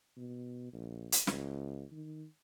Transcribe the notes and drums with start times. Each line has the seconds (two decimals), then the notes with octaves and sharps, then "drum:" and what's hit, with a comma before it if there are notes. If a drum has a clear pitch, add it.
0.17 B2
0.73 A#1
1.12 drum: hi-hat
1.27 C#2, drum: snare
1.92 D#3